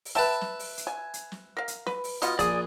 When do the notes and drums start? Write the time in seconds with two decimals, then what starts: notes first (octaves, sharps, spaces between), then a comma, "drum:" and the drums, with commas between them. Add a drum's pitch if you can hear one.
0.05 drum: open hi-hat
0.15 B4 E5 G5 A5
0.41 drum: snare
0.59 drum: open hi-hat
0.77 drum: hi-hat
0.87 G#5
1.14 drum: hi-hat
1.32 drum: snare
1.57 A#4 F5
1.68 drum: hi-hat
1.87 B4, drum: snare
2.04 drum: open hi-hat
2.22 B2 B3 F4 D#5, drum: hi-hat
2.39 A#1 G#4 D5 D#6, drum: kick, hi-hat